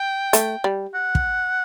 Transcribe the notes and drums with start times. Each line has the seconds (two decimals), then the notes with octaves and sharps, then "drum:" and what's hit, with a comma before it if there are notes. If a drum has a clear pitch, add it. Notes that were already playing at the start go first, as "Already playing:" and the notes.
Already playing: G5
0.33 A3, drum: hi-hat
0.64 G3
0.95 F#5
1.15 drum: kick